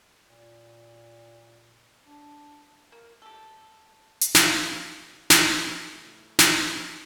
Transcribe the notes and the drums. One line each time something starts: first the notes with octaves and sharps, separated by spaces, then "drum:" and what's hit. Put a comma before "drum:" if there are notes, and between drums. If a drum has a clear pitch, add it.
A#2
D4
A#3
G4 A4
drum: hi-hat
G#3 F5, drum: snare
A2 C#3 A4 E6, drum: snare
drum: snare